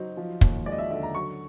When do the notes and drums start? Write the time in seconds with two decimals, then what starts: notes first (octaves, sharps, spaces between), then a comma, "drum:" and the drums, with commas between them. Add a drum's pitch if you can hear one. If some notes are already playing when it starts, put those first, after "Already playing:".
Already playing: F#3 D#4 C5
0.17 F3
0.41 D#2, drum: kick
0.66 G#3 D5
0.72 D#5
0.78 E5
0.91 D3 E5
1.03 A#5
1.15 F#3 C#6